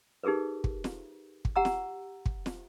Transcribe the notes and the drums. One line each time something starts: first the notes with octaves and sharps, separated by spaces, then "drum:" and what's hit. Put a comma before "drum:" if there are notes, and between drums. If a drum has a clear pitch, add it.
D#4 G4 G#4 A#4 B4
drum: kick
drum: snare
drum: kick
G4 F#5 A#5 E6
drum: snare
drum: kick
drum: snare